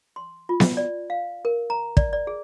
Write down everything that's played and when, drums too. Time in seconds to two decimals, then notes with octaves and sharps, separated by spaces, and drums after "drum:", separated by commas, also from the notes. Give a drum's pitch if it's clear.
0.16 C6
0.49 F4
0.60 drum: snare B3
0.77 D5
1.10 F5
1.45 A#4
1.70 A#5
1.97 D5, drum: kick
2.13 D5
2.27 G#4